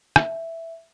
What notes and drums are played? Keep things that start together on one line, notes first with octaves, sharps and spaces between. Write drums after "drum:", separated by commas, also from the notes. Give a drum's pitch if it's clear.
E5, drum: rim click